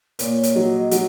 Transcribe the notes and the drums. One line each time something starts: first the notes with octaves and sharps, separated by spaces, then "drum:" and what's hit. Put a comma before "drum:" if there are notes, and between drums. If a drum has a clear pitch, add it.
A#2 C#5, drum: hi-hat
drum: hi-hat
F#3 D#5
F#3 F#5, drum: hi-hat